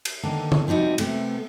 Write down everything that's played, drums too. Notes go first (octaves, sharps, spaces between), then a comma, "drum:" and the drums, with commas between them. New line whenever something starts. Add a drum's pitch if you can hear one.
drum: cymbal
D3 D#3 A#3 B3
drum: tom D3
C3 F3 G3 D#4 F#4
C3 A3 B3, drum: cymbal